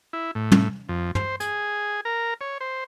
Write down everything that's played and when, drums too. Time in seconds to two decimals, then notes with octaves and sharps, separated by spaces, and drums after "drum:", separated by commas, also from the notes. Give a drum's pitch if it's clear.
0.13 E4
0.35 A2
0.52 drum: tom
0.89 F2
1.15 C5, drum: tom
1.40 G#4, drum: hi-hat
2.05 A#4
2.41 C#5
2.61 C5